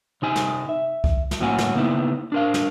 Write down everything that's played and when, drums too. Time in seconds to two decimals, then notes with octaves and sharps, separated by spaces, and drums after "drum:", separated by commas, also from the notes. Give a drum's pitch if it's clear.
0.22 C3 D#4 G#5
0.36 drum: snare
0.69 E5
1.04 drum: kick C2
1.31 drum: snare
1.40 A2 F#3 A#3 C#4 F#5 G#5
1.58 drum: snare
1.74 C#3 A#3 B3 D#4 E4
2.32 D4 A#4 F5
2.54 drum: snare